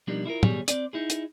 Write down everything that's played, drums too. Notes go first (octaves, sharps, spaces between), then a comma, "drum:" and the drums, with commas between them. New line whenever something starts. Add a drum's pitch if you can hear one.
B2 F3 G3 A#3 D4 D#4
E4 F4 G#4 A#4
D#2 B2 G3 G#4 C#5, drum: tom A2
C4 D5, drum: hi-hat
D#4 E4 G#4
drum: hi-hat